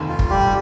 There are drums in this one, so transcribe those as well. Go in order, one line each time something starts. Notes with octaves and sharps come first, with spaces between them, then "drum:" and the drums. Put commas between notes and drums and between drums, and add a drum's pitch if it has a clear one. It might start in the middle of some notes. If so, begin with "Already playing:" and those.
Already playing: F1 D#2 D#3
F4
drum: kick
G3 G4